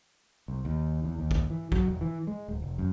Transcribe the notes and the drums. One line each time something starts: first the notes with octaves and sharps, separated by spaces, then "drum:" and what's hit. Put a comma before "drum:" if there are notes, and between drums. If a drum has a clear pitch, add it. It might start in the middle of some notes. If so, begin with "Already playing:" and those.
C2
D#2
E2
D#2
drum: kick
E3
F#3, drum: kick
E1
E3
G#3
D1
F1
F#2